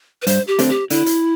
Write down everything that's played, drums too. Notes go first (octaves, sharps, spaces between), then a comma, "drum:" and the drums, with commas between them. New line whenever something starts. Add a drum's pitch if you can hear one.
B4
G2 C5, drum: hi-hat
G4
D3 A3 C4, drum: hi-hat
G4
D3 E4, drum: hi-hat
drum: hi-hat